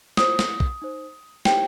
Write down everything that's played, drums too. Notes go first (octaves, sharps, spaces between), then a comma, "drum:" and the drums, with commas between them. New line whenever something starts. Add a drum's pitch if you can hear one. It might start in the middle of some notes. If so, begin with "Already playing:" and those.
F4 C5 D#6, drum: snare
drum: snare
drum: kick
D#4 C5
D#4 G4 C5 G5, drum: snare